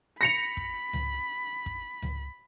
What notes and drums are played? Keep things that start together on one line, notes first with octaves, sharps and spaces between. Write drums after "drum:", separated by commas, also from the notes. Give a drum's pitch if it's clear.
B5 A#6 C#7 F7
drum: kick
drum: tom C#2
drum: kick
drum: tom C#2